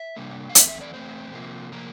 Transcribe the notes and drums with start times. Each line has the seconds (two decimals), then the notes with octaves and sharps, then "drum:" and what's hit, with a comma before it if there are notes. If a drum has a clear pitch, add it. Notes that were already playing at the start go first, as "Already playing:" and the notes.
Already playing: E5
0.17 C3 G3 A#3 D4
0.50 F5
0.55 E2 E3 A3 C4 E5, drum: hi-hat
0.68 E5
0.81 D5
0.94 E2 E3 A3 C4 C5
1.33 C3 F3 A#3
1.72 C3 F3 A#3 A#4